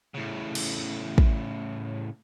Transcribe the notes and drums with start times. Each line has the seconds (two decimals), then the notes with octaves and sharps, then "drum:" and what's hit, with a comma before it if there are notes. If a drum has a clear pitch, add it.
0.15 A2 C#3
0.55 drum: cymbal
1.18 drum: kick